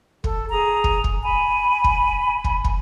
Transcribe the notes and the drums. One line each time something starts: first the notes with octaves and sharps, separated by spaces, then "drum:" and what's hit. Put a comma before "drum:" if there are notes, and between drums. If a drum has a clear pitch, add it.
A4, drum: kick
G#4 A#5
drum: kick
drum: kick
G#5 B5
drum: kick
drum: kick
drum: kick